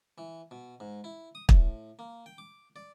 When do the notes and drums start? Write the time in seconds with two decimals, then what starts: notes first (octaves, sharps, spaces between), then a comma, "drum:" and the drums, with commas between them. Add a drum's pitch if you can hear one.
0.18 E3
0.51 B2
0.80 G#2
1.04 E4
1.35 D#6
1.49 A2, drum: kick
1.99 A#3
2.26 G5
2.38 D6
2.76 D5